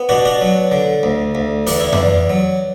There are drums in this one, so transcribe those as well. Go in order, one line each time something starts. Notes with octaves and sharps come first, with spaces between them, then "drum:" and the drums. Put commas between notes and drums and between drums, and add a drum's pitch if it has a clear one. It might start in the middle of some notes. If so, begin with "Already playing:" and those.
Already playing: B3
B2 D4 F#4
D4 F#4
F#3
D3
D2
D2
E2 D4, drum: open hi-hat
E4
D4, drum: tom F2
E2
F#3